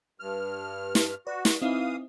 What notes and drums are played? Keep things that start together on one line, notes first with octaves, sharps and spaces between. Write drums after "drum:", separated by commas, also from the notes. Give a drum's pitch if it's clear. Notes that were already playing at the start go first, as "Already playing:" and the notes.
G2 F6
drum: snare
F#4 B4 D5
drum: snare
E3 C4 D#4 E4 F5 D#6